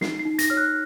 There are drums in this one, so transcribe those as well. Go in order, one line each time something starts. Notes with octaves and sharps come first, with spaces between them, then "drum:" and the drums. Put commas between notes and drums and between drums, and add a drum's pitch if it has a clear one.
D#4 C7, drum: snare
C7
D#4
A#6, drum: hi-hat
C#5 F6
F#6